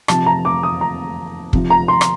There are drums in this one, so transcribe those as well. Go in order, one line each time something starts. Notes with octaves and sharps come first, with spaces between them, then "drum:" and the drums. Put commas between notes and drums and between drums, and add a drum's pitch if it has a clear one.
C3 F3 A5, drum: rim click
A#5
D6
D#6
A#5
C3 F3, drum: kick
A#5
C6
drum: rim click